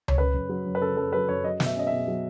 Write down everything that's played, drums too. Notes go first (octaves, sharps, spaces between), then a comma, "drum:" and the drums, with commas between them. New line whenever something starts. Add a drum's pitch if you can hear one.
C#5, drum: tom C#2
C#3 B4
F#2
F#3
F#2
B4
C#3 A4
F#2 A4
F#3 B4
F#2 C#5
F#3 D#5
B2, drum: snare
E5
C#4 D#5
E5
B2
F#3